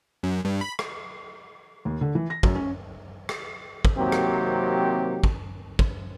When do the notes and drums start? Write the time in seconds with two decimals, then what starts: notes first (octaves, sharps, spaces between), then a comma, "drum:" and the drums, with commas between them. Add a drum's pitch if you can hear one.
0.23 F#2
0.45 G2
0.61 B5
0.79 drum: rim click
1.85 D#2
2.01 D3
2.15 E3
2.30 A#6
2.43 F#2, drum: kick
2.55 C#4
3.29 drum: rim click
3.85 drum: kick
3.97 C3 D#3 F#3 A#3 C4 G4
4.12 drum: rim click
5.24 drum: kick
5.79 drum: kick